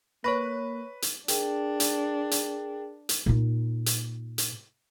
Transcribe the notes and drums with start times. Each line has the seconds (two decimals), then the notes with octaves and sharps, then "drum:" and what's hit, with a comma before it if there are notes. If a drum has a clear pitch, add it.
0.24 A#3 B4 C#5 C#6 A#6
1.02 drum: hi-hat
1.28 D4 G#4 A#4 G5, drum: hi-hat
1.80 drum: hi-hat
2.31 drum: hi-hat
3.09 drum: hi-hat
3.26 A#2 D#4
3.86 drum: hi-hat
4.38 drum: hi-hat